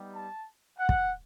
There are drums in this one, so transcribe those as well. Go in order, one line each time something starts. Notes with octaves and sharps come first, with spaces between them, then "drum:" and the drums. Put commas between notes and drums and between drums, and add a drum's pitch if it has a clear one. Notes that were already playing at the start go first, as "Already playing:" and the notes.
Already playing: G3 B3 D#4 G4
A5
F#5
drum: kick